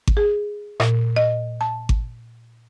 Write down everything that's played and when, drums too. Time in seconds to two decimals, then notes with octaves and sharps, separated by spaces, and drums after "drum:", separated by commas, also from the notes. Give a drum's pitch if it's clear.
0.07 drum: kick G#1
0.17 G#4
0.80 A#2, drum: rim click
1.16 D#5
1.61 A5
1.89 drum: kick G#1